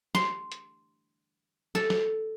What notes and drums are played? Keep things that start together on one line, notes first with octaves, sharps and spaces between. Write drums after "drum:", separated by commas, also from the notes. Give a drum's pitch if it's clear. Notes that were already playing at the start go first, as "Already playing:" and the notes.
C6, drum: snare
drum: hi-hat
A4, drum: snare
drum: snare